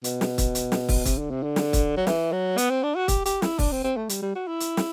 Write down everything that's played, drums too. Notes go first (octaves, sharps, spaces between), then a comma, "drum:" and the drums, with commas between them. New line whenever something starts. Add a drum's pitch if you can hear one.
B2, drum: hi-hat
drum: snare
drum: kick, hi-hat
drum: hi-hat
drum: snare
drum: kick, open hi-hat
C3, drum: kick, hi-hat
D3
C3
D3
drum: snare
drum: kick, hi-hat
F#3
E3, drum: snare
F#3
B3, drum: hi-hat
C4
D4
F#4
G4, drum: kick, hi-hat
G4, drum: hi-hat
E4, drum: snare
D4, drum: kick, open hi-hat
C4
C4
A3
G3, drum: hi-hat
G3
F#4
E4
drum: hi-hat
drum: snare